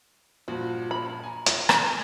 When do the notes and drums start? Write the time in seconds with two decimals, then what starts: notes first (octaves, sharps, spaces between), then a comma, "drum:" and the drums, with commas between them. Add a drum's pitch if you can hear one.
0.48 G2 A#2 F3 F#4
0.91 B5
1.24 G#5 A#5
1.46 drum: hi-hat
1.69 drum: rim click